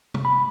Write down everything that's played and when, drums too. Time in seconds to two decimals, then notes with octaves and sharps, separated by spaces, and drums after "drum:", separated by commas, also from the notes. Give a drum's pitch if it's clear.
0.14 drum: tom
0.25 B5